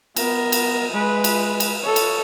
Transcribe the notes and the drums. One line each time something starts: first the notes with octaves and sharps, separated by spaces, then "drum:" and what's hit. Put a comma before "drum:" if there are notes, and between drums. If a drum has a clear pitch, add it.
B3 A#4, drum: cymbal
drum: cymbal
G#3 B4
drum: cymbal
drum: cymbal
A4 C#5
drum: cymbal